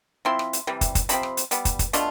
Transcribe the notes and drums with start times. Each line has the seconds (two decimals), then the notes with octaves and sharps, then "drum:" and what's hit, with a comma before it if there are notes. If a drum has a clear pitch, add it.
0.25 F3 C4 E4 C6
0.39 drum: rim click
0.53 drum: hi-hat
0.67 C3 E3 G3
0.81 drum: kick, hi-hat
0.95 drum: kick, hi-hat
1.09 C3 F3 C4 B5, drum: hi-hat
1.23 drum: rim click
1.37 drum: hi-hat
1.51 G3 B3, drum: hi-hat
1.65 drum: kick, hi-hat
1.79 drum: kick, hi-hat
1.93 B2 A3 D4 F4, drum: hi-hat